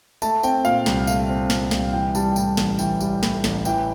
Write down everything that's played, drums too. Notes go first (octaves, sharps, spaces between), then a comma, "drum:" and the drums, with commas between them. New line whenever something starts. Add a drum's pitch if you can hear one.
A3 A5, drum: tambourine
C4 G5, drum: tambourine
A#2 F5, drum: tambourine
C2, drum: snare
A3 F5, drum: tambourine
C4
A#2, drum: snare
C2, drum: snare
E3 G5
G3 A5, drum: tambourine
G5
A2 A5, drum: tambourine
A1, drum: snare
E3 G5, drum: tambourine
G3, drum: tambourine
A2, drum: snare
A1, drum: snare
E3 G5, drum: tambourine